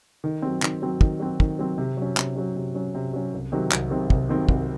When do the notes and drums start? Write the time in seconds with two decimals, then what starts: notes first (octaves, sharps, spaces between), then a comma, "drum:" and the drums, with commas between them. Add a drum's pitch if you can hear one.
0.24 D#3
0.42 F#3 C4
0.62 D#3, drum: clap
0.82 F#3 C4
1.01 D#3, drum: kick
1.20 F#3 C4
1.40 D#3, drum: kick
1.59 F#3 C4
1.78 C3
1.97 F#3 C#4
2.17 C3, drum: clap
2.36 F#3 C#4
2.56 C3
2.75 F#3 C#4
2.95 C3
3.13 F#3 C#4
3.33 C2
3.52 C3 D#3 F#3 C4
3.72 C2, drum: clap
3.90 C3 D#3 F#3 C4
4.10 C2, drum: kick
4.29 C3 D#3 F#3 C4
4.49 C2, drum: kick